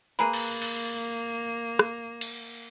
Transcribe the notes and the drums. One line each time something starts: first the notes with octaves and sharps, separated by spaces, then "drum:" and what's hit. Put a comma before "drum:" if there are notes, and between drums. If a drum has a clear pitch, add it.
A#3 G#4 A#4 B4, drum: hi-hat
drum: cymbal
drum: cymbal
drum: rim click
drum: cymbal